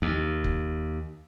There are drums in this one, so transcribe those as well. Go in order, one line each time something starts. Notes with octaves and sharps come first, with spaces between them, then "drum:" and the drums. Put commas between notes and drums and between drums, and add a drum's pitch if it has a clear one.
D#2
drum: kick F1